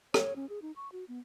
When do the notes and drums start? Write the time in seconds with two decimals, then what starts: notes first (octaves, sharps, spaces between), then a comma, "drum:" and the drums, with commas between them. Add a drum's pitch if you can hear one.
0.14 C#5, drum: rim click
0.36 C#4
0.49 G#4
0.62 D#4
0.76 C#6
0.92 F#4
1.08 B3